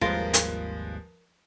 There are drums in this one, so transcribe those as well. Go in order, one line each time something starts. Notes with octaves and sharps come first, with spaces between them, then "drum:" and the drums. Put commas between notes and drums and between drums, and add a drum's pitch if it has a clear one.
G#1 D#2 F3 G3 G#3 F4 A#4 B4
drum: hi-hat